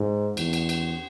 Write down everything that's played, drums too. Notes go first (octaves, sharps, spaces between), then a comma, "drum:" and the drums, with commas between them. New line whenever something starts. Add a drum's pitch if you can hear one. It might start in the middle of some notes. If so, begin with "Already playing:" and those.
Already playing: G#2
E2, drum: cymbal
drum: cymbal
drum: cymbal